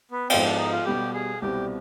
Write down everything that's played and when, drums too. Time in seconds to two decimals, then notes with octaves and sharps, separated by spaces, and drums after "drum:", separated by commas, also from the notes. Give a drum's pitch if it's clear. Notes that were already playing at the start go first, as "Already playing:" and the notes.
0.11 B3
0.30 G#2 F3 B3 C4, drum: cymbal
0.44 D4
0.58 D#4
0.72 F4
0.85 B2 G3 B3 G4
1.14 G#4
1.42 C2 B2 G3 C4 G4